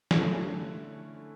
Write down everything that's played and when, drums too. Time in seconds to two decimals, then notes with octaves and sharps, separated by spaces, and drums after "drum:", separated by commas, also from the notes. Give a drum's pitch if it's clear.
0.11 D3 A3 C#4 E4, drum: snare